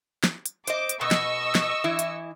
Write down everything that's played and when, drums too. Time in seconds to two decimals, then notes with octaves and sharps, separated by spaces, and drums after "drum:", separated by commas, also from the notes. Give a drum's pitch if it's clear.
0.24 drum: snare
0.46 drum: hi-hat
0.67 C5 D#5 D6, drum: hi-hat
0.89 drum: hi-hat
1.01 B2 D#5 C#6 E6
1.11 drum: snare
1.55 drum: snare
1.84 E3 E4
1.99 drum: hi-hat